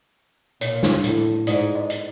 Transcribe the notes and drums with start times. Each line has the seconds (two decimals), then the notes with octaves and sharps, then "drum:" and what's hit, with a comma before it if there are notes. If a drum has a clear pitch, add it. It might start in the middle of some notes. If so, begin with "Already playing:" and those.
0.61 A#2 C#5, drum: hi-hat
0.83 drum: snare
1.04 A2, drum: hi-hat
1.47 G#2 D5, drum: hi-hat
1.75 D#5
1.90 drum: hi-hat